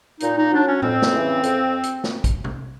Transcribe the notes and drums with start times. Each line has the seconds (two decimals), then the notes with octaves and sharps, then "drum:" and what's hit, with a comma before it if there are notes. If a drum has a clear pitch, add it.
0.20 A#2 D#4, drum: hi-hat
0.36 D#4
0.51 F#3 D4
0.66 C#4
0.82 F2 C4, drum: tom A2
1.02 drum: snare
1.12 C#3 E3
1.43 F2, drum: hi-hat
1.83 drum: hi-hat
2.04 drum: snare
2.24 drum: kick, hi-hat
2.44 drum: tom B2